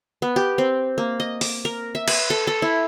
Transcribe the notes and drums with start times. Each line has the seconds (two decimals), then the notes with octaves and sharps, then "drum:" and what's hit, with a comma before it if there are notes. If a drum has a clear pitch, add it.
0.22 B3
0.36 G4
0.58 C4
0.98 A#3
1.20 D#5
1.41 D6, drum: open hi-hat
1.65 A#4
1.95 E5
2.08 B4, drum: cymbal
2.30 A4
2.47 A4
2.62 E4